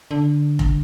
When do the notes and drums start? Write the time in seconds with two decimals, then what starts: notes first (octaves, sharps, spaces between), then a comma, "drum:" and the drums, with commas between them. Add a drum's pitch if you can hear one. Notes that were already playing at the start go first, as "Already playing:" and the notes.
0.11 D3
0.59 drum: kick F1